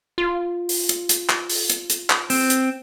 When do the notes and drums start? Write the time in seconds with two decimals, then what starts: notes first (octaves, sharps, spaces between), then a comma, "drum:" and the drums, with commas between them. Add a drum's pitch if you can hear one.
0.18 F4
0.69 drum: open hi-hat
0.89 drum: hi-hat
1.09 drum: hi-hat
1.29 drum: clap
1.49 drum: open hi-hat
1.70 drum: hi-hat
1.90 drum: hi-hat
2.10 drum: clap
2.30 C4, drum: open hi-hat
2.50 drum: hi-hat